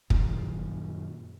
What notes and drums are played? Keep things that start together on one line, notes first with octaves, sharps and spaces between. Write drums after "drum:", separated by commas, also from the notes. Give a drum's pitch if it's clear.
F#2 A#2 D#3 F3, drum: kick